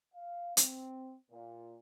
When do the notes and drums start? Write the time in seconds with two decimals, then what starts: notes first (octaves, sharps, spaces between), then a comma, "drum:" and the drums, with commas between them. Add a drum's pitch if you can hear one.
0.13 F5
0.57 C4, drum: hi-hat
1.31 A#2